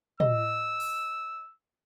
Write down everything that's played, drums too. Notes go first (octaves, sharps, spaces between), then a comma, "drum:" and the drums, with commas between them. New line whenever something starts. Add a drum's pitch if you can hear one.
D#5 E6, drum: tom
drum: open hi-hat